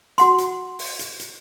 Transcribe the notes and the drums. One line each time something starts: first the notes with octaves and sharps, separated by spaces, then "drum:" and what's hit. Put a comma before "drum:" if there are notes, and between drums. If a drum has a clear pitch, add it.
F#4 F#5 C6, drum: hi-hat
drum: hi-hat
drum: open hi-hat
drum: hi-hat
drum: hi-hat